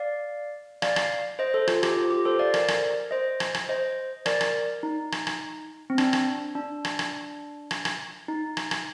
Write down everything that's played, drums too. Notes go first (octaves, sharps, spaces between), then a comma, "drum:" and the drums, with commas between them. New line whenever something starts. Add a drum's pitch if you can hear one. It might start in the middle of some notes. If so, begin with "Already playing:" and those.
Already playing: D5 F5
D5 F5, drum: rim click
drum: rim click
C5 D#5
A4 C5
F4 A4, drum: rim click
G4, drum: rim click
F4
G4
A4 C5
D5 F5
A#4 D5, drum: rim click
drum: rim click
C5 D#5
drum: rim click
drum: rim click
C5 D#5
A#4 D5, drum: rim click
drum: rim click
D#4
drum: rim click
drum: rim click
C4
D4, drum: rim click
drum: rim click
D4
drum: rim click
drum: rim click
drum: rim click
drum: rim click
D#4
drum: rim click
drum: rim click